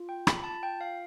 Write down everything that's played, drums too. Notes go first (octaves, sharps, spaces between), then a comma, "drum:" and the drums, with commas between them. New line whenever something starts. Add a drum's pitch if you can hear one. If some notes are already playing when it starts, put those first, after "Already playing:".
Already playing: F4
G5
B5, drum: rim click
A5
G5
F5